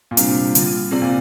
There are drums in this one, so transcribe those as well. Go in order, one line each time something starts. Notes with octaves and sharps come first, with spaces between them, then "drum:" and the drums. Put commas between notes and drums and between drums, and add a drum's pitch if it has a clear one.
A#2
C3 G3 D4 G4, drum: hi-hat
D3 G3 A#3 F4, drum: hi-hat
C3 C4 F4 G#4 D5
A#2